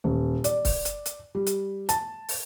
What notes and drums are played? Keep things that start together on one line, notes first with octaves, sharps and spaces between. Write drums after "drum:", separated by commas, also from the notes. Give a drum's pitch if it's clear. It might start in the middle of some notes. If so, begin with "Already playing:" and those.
D#1
D5, drum: hi-hat
drum: kick C#1, open hi-hat
drum: hi-hat
drum: hi-hat
G3
drum: hi-hat
A5, drum: hi-hat
drum: open hi-hat